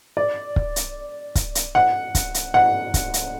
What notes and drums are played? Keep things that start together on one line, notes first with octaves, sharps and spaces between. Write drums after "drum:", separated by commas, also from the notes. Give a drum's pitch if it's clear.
D5
drum: kick
drum: hi-hat
drum: kick, hi-hat
drum: hi-hat
F#5
drum: kick, hi-hat
drum: hi-hat
F#5
drum: kick, hi-hat
drum: hi-hat